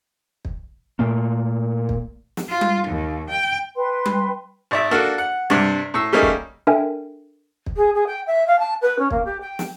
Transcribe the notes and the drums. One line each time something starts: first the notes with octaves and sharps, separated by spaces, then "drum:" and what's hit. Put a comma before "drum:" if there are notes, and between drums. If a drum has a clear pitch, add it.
drum: kick
A#2 A3 A#3
drum: kick
drum: snare
F4
drum: tom G3
D#2
G5
B4 G5 C6
drum: tom G3
G#1 D5 E5
A#3 D4 F#4 A4
F#5
G2 C3 D4, drum: tom G3
A2 E6
G3 A3 A#3 C#4 D#4 G#4
drum: kick
D4 A4 A#4 E5 G5 G#5
drum: kick
G#4
G#4
G5
E5
F5
A5
B4
C#4
A#3, drum: kick
G4
G5
drum: snare